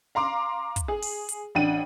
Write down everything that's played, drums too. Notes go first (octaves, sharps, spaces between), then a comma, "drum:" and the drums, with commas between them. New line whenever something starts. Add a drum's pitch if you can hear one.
F5 A#5 C6 D6
drum: kick, hi-hat
G#4
drum: open hi-hat
drum: hi-hat
A1 D4 F#5 G5 D#7